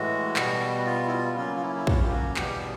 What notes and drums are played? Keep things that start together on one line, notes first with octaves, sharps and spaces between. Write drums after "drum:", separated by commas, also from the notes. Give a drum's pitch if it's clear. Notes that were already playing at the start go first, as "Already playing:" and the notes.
Already playing: A2 E3 G#3 F#4
B2 G3 B3, drum: clap
F4
E4
F4
C#3 F#3 A#3 C#4 F4
F4
E4
E4
F4, drum: kick
G4
F#4
E2 B2 G3 B3 G4, drum: clap